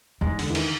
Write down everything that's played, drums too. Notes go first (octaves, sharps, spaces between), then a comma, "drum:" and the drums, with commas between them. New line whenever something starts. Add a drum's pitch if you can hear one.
E2 G#2 G#3
D3, drum: open hi-hat
E3
D#3, drum: cymbal